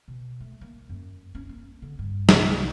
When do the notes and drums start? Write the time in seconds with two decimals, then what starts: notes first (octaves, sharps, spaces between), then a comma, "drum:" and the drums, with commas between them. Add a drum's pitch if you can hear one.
0.08 B2
0.40 A3
0.61 A#3
0.89 F#2
1.35 C#4
1.49 A#3
1.82 D3
1.99 G2
2.29 C2, drum: snare